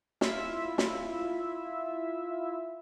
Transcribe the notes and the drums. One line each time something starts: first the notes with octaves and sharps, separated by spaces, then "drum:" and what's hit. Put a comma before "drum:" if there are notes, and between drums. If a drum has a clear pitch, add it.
E4 F4 E5, drum: snare
drum: snare